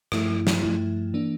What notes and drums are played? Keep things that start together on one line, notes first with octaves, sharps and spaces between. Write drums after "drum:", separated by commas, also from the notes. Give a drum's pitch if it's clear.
G2 F3 A3 E4, drum: rim click
drum: snare
G2 F3 A3 E4
E3 A#3 D4